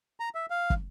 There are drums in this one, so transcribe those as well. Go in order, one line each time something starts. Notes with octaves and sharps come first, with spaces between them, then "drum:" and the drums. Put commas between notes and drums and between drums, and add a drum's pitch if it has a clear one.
A#5
E5
F5
drum: kick